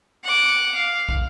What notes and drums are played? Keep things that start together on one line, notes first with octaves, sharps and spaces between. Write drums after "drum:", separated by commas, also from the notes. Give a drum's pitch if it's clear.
F#5 D6
F5
drum: kick